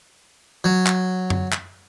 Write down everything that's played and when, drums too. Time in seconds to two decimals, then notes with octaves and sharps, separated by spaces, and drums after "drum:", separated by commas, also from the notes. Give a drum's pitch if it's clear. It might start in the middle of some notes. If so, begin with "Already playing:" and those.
0.64 F#3
0.86 drum: clap
1.30 drum: tom F#2
1.52 drum: clap